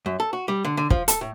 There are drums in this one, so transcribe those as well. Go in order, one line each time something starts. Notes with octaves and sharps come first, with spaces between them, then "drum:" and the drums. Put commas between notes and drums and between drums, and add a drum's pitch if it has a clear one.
F#2
A4
F#4
G3
D3
D3
F3, drum: kick
A4, drum: hi-hat
A2